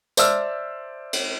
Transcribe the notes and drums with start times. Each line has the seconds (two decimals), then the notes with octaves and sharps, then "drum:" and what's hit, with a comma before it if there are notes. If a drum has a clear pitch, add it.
0.17 C5 D5 E5 A5 E6 F6, drum: tambourine
1.13 drum: cymbal